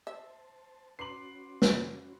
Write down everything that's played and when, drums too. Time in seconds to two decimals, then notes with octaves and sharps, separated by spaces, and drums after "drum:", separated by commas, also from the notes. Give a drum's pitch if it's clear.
0.07 C5 E5 A5
0.99 C#4 F#4 B4 C6 D6 C7 F#7
1.62 drum: snare